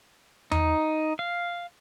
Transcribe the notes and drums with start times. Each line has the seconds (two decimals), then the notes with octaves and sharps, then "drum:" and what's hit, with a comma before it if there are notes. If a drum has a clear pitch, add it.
0.52 D#4, drum: tom E2
1.19 F5